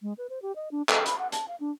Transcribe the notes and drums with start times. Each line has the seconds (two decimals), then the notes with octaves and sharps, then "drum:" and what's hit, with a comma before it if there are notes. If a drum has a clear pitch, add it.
0.02 G#3
0.18 B4
0.30 C5
0.42 G4
0.56 D#5
0.71 D4
0.89 A4, drum: clap
1.06 B5, drum: hi-hat
1.18 F#5
1.32 A5, drum: hi-hat
1.48 F5
1.60 D4